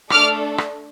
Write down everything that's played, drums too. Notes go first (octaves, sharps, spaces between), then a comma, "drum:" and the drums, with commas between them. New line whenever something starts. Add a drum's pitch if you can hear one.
A3 D4 A4 D6 F6, drum: rim click
drum: rim click